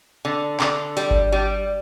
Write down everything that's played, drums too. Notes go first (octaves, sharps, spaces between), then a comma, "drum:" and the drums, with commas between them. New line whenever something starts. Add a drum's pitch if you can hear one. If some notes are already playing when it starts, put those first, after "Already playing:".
D3
D3, drum: clap
G3, drum: hi-hat
drum: kick G#1
G3